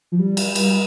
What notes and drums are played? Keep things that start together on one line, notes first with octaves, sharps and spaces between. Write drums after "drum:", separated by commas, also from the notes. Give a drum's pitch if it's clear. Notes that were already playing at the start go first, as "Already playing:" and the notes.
F3
G3
drum: cymbal
drum: cymbal